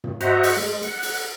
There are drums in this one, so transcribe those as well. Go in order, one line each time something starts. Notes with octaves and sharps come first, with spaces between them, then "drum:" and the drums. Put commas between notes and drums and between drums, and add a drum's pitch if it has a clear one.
drum: tom
F#4 C5 D#5 E5 F#5 A#5, drum: hi-hat
drum: open hi-hat
G#3
F#5, drum: hi-hat
drum: open hi-hat